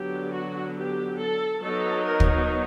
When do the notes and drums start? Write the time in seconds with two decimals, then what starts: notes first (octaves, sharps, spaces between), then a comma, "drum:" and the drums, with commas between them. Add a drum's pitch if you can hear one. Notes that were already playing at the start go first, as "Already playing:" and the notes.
Already playing: D3 F#3 B3 G4
0.34 F#4
0.76 G4
1.19 A4
1.62 F#3 B3 D#4 A4
2.05 A#4
2.20 drum: kick